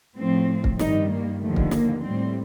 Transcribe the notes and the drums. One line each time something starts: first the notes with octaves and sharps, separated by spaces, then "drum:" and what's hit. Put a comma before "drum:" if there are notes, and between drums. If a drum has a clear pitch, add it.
A2 F3 C4
drum: kick
G2 D#3 G3 D#4, drum: snare
A#3
D#2 D3 F3 A3
drum: kick
A#3, drum: snare
A2 G3 C4